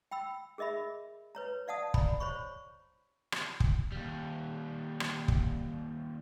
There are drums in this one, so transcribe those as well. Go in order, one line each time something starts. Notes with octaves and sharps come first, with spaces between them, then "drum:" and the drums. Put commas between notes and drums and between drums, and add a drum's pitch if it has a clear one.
G5 B5 E6
G#4 A#4 D#5 E5 B5
B4 C#5 A#5
D5 F5 F#5 A5 D#6
D5 A#5 B5, drum: kick
C5 C#5 B5 C#6
drum: rim click
drum: kick
D#2 G3
drum: rim click
drum: kick